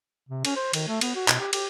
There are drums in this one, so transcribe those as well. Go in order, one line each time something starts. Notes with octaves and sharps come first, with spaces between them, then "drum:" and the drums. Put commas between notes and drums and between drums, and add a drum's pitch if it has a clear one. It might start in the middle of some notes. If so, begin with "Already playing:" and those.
C3
C#4, drum: cymbal
C5
D#3, drum: cymbal
A3
B3, drum: cymbal
F#4
B2, drum: clap
G4
G4, drum: cymbal